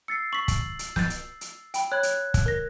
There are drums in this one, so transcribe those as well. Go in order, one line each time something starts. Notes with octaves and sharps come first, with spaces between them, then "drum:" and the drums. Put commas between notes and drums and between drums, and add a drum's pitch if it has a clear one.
E6 A6 C7 C#7
C#6 B6 F#7
drum: kick, hi-hat
drum: hi-hat
G6 A6, drum: snare
drum: hi-hat
drum: hi-hat
G5 B5, drum: hi-hat
C#5 B5 F#6 G#6
drum: hi-hat
drum: kick, hi-hat
A#4 A#6